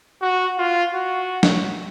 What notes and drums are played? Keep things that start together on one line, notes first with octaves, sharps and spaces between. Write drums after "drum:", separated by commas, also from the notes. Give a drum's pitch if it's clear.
F#4
F4
F#4
drum: snare F#3